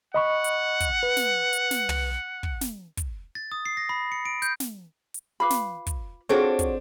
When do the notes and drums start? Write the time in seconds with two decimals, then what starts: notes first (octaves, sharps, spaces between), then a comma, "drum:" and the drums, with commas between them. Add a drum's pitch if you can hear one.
0.14 D#5 F#5 B5 C#6
0.44 drum: hi-hat
0.80 drum: kick, hi-hat
1.03 B4
1.17 drum: snare
1.53 drum: hi-hat
1.71 drum: snare
1.89 drum: tom
2.43 drum: kick
2.61 drum: snare
2.97 drum: kick, hi-hat
3.35 A6
3.52 D#6
3.66 C7
3.77 A#6
3.89 B5
4.12 C#7
4.25 D7
4.42 G6, drum: hi-hat
4.60 drum: snare
5.14 drum: hi-hat
5.40 F4 B4 F5 B5 D6
5.50 drum: snare
5.87 drum: kick, hi-hat
6.29 C4 D4 F4 F#4 G#4 A4 C#5 D5
6.59 drum: kick, hi-hat